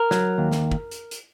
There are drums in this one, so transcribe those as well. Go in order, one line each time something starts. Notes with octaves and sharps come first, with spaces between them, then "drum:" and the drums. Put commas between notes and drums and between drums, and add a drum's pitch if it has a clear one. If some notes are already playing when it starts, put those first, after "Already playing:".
Already playing: A#4
F#3, drum: snare
D#2
drum: snare
drum: kick
drum: hi-hat
drum: hi-hat